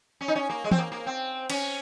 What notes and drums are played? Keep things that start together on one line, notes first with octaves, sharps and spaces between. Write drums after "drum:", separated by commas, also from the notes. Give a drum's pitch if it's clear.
C#4
D#4
C#4
A#3
G#3
C4, drum: tom
A#3
A#3
C4
C#4, drum: cymbal